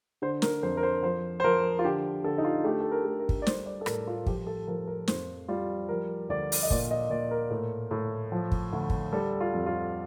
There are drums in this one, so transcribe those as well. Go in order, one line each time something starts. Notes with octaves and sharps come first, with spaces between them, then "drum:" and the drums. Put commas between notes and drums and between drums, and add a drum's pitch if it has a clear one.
D3 C5
A#4, drum: snare
F2 C5
A#4
C5
F3 C5
C5
F3 A#4
F4
D3 G4
D3 A4
D#4
F4
A3 G4
A4
A#4
A3
A#4
drum: kick
D5
G3 C5, drum: snare
D5
A4
A2 A#4, drum: rim click
F4
F3 G4, drum: kick
A4
F3 A#4
A#4
F2 C5, drum: snare
G3 F4
F3 A#4
D2 D5
drum: open hi-hat
D#5
A#2 D5, drum: kick
D#5
A#2 D5
A#4
A2
A2
F3
drum: kick
D2
drum: kick
G3 A4
F4
F2
F4